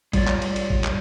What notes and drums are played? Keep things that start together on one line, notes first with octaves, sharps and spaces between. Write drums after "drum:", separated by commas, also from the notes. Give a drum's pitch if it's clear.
G3 F4 C#5 D5, drum: kick, cymbal
drum: clap
drum: cymbal
drum: cymbal
drum: kick
drum: clap